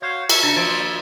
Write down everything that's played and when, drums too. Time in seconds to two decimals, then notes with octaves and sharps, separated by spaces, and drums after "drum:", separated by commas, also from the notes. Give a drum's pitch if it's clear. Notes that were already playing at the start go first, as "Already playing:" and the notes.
0.02 F#4 C5 C#5 F5
0.29 C#5 E5 A5 E6, drum: cymbal
0.43 C#3 D4
0.57 D#2 F3 C#5 D5 E5